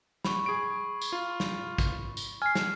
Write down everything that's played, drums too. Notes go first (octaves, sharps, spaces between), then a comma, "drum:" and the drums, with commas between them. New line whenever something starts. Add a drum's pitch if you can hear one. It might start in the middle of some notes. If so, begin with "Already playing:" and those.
B5 C#6, drum: snare
G#4 D7
drum: tambourine
F4
drum: snare
drum: kick, tambourine
drum: tambourine
G#5 F6 C7
drum: snare